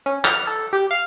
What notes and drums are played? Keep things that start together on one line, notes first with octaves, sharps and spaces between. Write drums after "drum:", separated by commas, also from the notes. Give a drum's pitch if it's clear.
C#4
F6, drum: clap
A4
G4
F5